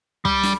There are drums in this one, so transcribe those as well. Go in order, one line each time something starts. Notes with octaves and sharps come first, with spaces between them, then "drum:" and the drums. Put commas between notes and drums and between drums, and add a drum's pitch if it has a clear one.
G3, drum: kick
drum: snare